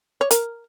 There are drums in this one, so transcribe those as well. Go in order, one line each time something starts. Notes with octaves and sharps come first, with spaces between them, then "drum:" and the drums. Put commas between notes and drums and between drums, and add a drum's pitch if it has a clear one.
C#5
A#4, drum: hi-hat